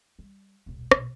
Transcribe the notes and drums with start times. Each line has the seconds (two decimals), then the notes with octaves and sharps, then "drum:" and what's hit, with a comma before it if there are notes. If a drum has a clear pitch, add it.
0.19 G3
0.66 D#1 B1
0.91 A#1 B2, drum: rim click